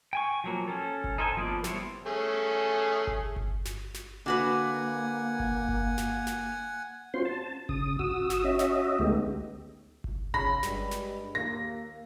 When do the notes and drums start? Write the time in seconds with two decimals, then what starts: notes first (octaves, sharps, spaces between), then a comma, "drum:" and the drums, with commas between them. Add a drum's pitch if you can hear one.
0.13 G5 G#5 C#6
0.44 F3 F#3 A#3
0.68 C#4 A4
1.04 drum: kick G1
1.18 D#4 A4 C5 D#5 G#5
1.37 F3 A#3 B3 D5
1.64 G3 B3 E4 C5 C#5, drum: snare
2.06 A3 C#4 G#4
3.07 drum: kick G1
3.36 drum: kick G1
3.65 drum: snare
3.94 drum: snare
4.26 D3 A#3 F#4 B4 F#5 G#5
5.40 drum: kick G1
5.69 drum: kick G1
5.98 drum: snare
6.27 drum: snare
7.14 C4 C#4 F4 F#4 C5 C6
7.25 A5
7.69 C#3 D#6, drum: kick G1
7.99 F#4 D#6 E6, drum: kick G1
8.30 drum: snare
8.44 C#4 F#4 D#5 E5
8.59 drum: snare
8.99 D2 G#3 A3 B3 D#4 G4
10.04 drum: kick G1
10.34 C#3 B5 A#6, drum: kick G1
10.63 G2 G3 G#3, drum: snare
10.91 drum: snare
11.35 D#2 A#3 A#6